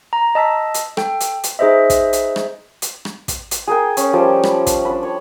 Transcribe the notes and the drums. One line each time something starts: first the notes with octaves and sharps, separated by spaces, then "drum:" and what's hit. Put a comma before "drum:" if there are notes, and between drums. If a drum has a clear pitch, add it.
A#5
D#5 A5 E6 B6
drum: hi-hat
A4 G5, drum: rim click
drum: hi-hat
drum: hi-hat
D#4 G#4 B4 C5 D#5 E5
drum: kick, hi-hat
drum: hi-hat
drum: rim click
drum: hi-hat
drum: rim click
drum: kick, hi-hat
drum: hi-hat
G#4 A#4 G5
C#4, drum: hi-hat
F3 G3 A4 A5
B5, drum: rim click
drum: kick, hi-hat
D4 B5
C#5